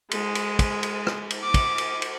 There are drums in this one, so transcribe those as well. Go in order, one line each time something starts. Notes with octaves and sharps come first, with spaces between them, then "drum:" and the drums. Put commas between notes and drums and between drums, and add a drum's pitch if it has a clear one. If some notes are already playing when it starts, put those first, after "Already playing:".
G#3, drum: cymbal
drum: cymbal
drum: kick, cymbal
drum: cymbal
drum: rim click
drum: cymbal
D6
drum: kick, cymbal
drum: cymbal
drum: cymbal